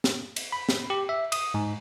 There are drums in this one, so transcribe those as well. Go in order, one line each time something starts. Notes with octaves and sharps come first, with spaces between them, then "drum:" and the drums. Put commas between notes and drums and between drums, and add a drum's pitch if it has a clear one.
drum: snare
drum: cymbal
B5
drum: snare
G4
E5
D#6, drum: cymbal
G#2